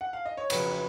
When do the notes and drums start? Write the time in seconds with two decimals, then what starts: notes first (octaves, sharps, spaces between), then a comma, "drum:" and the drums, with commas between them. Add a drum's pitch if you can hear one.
0.01 F#5
0.13 F5
0.26 D#5
0.37 C#5
0.50 F2 C#3 F#3 B4, drum: cymbal
0.71 B4